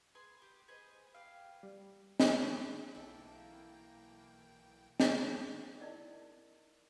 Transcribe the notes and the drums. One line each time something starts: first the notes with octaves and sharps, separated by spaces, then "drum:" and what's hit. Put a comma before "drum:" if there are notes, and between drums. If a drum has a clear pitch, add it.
G#4 B4 C6
G4
G#4 B4 C5 D#5
G4 B4 F5
G3
drum: snare
B1 E3 A#3 E4 A4 G5
drum: snare
D#4 E4 A#4 D5 D#5